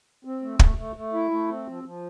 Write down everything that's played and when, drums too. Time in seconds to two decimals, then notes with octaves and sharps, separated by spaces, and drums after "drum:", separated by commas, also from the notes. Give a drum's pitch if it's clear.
0.25 C4
0.42 A3
0.59 A3, drum: kick
0.77 A3
0.96 A3
1.13 E4
1.31 A3
1.48 C4
1.67 F3
1.83 F3